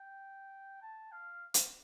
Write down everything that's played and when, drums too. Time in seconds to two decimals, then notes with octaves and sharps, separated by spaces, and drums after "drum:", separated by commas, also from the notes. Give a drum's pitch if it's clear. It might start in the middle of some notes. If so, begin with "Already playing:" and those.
Already playing: G5
0.82 A5
1.12 F5
1.54 drum: hi-hat